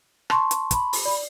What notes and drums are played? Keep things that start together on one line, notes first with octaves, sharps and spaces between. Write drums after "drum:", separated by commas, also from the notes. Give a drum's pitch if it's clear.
A5 C6 C#6, drum: rim click
drum: hi-hat
B5, drum: kick, hi-hat
drum: open hi-hat
D5